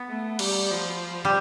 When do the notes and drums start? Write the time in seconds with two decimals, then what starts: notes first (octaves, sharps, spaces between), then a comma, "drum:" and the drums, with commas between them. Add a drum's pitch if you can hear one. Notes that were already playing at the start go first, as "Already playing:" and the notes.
Already playing: B3
0.09 A3
0.39 G3, drum: cymbal
0.71 F3
1.25 G3